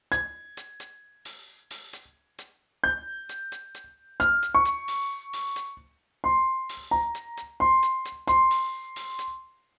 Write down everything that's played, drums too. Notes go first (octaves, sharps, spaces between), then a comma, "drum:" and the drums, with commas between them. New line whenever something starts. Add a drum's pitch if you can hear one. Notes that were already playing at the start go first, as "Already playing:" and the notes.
G#6, drum: hi-hat
drum: hi-hat
drum: hi-hat
drum: open hi-hat
drum: open hi-hat
drum: hi-hat
drum: hi-hat
G6
drum: hi-hat
drum: hi-hat
drum: hi-hat
F6, drum: hi-hat
drum: hi-hat
C#6
drum: hi-hat
drum: open hi-hat
drum: open hi-hat
drum: hi-hat
C6
drum: open hi-hat
A#5
drum: hi-hat
drum: hi-hat
C6
drum: hi-hat
drum: hi-hat
C6, drum: hi-hat
drum: open hi-hat
drum: open hi-hat
drum: hi-hat